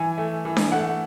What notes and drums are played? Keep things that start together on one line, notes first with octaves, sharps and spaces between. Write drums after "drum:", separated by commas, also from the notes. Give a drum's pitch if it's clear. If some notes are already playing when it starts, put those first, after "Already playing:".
Already playing: E3 G#5
A3
E3
drum: snare D4
A3 F#5